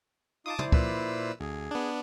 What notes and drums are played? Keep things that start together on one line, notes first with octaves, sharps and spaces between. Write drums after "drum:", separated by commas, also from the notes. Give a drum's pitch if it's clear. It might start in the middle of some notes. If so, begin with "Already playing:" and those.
D#4 F4 A5 C6 D6 D#6
E4 C5 D5, drum: tom
A#2 B4 E6, drum: kick
D2 G#4
B3 D4